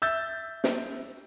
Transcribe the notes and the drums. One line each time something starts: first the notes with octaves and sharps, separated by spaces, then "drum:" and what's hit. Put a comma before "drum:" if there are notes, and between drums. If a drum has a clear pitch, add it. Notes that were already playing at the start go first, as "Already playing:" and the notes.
E5 E6 G6 A6
drum: snare